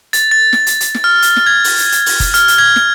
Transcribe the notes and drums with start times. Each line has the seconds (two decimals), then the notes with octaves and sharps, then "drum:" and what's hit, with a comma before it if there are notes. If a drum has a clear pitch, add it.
0.13 A6, drum: hi-hat
0.31 A6
0.53 drum: snare
0.67 drum: hi-hat
0.80 drum: hi-hat
0.94 drum: snare
1.04 F6
1.22 drum: hi-hat
1.36 drum: snare
1.46 G#6
1.64 drum: open hi-hat
1.78 drum: hi-hat
1.92 drum: hi-hat
2.06 drum: open hi-hat
2.20 drum: kick F#1, hi-hat
2.34 F6, drum: hi-hat
2.48 drum: hi-hat
2.58 G#6
2.76 drum: snare